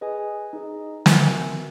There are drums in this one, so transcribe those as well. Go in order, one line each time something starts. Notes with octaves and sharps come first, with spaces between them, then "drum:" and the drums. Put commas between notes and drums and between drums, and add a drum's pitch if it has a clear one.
G#4 B4 D#5 G#5
D#4 G#4 D#5
F#4 A#4 E5 G#5, drum: snare